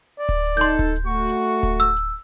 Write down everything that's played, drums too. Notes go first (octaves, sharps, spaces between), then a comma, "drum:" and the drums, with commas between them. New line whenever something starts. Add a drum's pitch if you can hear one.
D5
drum: kick D1, hi-hat
drum: hi-hat
D#4 A4 C6 G6
drum: kick D1, hi-hat
drum: hi-hat
A3 F#4 C#6
drum: hi-hat
drum: kick D1, hi-hat
E6, drum: hi-hat
drum: hi-hat